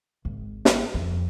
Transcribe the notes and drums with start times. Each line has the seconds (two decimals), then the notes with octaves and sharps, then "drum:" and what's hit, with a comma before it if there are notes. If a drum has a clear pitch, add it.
0.25 G#1
0.65 drum: snare
0.94 F2